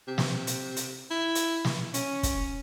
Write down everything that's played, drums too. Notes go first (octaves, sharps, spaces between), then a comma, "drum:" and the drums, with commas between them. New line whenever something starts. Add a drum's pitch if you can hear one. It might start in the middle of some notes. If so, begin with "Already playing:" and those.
C3
drum: snare
drum: hi-hat
drum: hi-hat
E4
drum: hi-hat
drum: snare
C#4, drum: hi-hat
drum: kick, hi-hat